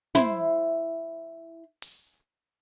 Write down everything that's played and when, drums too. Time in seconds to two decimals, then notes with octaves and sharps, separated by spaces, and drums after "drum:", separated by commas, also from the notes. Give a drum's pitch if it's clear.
0.15 E4 C5, drum: snare
1.82 drum: open hi-hat